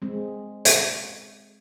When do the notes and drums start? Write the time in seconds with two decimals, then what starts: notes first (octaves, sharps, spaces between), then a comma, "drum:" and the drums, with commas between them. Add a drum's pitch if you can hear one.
0.02 G#3 C4
0.65 drum: hi-hat